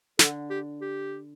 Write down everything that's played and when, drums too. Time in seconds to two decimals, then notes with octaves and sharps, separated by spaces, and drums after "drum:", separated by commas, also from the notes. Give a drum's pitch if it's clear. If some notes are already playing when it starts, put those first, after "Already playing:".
0.19 D3 A4, drum: snare
0.50 G4
0.81 G4